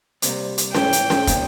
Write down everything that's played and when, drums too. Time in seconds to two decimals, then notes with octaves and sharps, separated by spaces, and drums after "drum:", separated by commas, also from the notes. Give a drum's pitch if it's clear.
0.22 C2 C3 D#3 G3 A#3, drum: hi-hat
0.58 drum: hi-hat
0.75 G#2 E3 A3 C#4 E4 G5, drum: snare C#4
0.93 drum: hi-hat
1.10 drum: snare C#4
1.27 C3 D#3 G3 A#3, drum: kick, hi-hat